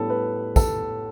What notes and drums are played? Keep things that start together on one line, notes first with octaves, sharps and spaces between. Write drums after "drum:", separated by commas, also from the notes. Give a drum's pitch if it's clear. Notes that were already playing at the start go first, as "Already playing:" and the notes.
Already playing: A2 G3 B3 D4 A4
B4
A4, drum: kick, tambourine